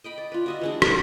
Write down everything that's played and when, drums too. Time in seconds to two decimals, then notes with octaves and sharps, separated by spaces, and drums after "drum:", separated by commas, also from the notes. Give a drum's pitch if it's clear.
0.04 D#5 G5 B5
0.18 D5
0.32 F4 B4
0.46 F#4 D#5 E5
0.61 E3 G#3 D4
0.82 F#3 A3 A4 A#5, drum: rim click